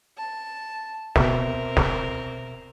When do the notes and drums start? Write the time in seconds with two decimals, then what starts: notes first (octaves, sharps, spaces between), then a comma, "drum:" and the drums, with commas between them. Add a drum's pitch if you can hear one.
0.17 A5
1.16 B2 C4 A#4 E5, drum: snare
1.77 drum: snare